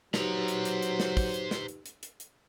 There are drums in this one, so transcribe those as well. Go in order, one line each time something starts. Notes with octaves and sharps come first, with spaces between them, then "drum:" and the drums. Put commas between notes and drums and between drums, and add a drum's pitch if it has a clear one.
F#3 D#4 G4 B4 C5 A#5, drum: snare
drum: hi-hat
drum: hi-hat
drum: hi-hat
drum: snare
drum: kick, open hi-hat
drum: hi-hat
drum: snare
drum: hi-hat
drum: hi-hat
drum: hi-hat
drum: hi-hat